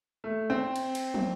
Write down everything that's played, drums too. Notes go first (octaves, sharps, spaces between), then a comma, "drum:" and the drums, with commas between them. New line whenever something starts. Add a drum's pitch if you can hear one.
A3
C4
drum: cymbal
drum: cymbal
drum: tom